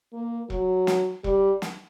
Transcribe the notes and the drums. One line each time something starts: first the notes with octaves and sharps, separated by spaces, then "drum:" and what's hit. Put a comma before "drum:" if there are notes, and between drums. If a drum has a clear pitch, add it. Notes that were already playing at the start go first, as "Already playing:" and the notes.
A#3
F#3, drum: kick E1
drum: snare
G3, drum: kick E1
drum: snare